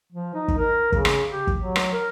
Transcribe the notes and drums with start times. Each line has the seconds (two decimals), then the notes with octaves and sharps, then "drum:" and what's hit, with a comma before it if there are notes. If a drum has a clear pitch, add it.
0.12 F3
0.34 D#4
0.48 drum: kick
0.58 A#4
0.92 C#3, drum: kick
1.05 drum: rim click
1.29 G4
1.47 drum: kick
1.56 F#3
1.76 drum: rim click
1.92 A#4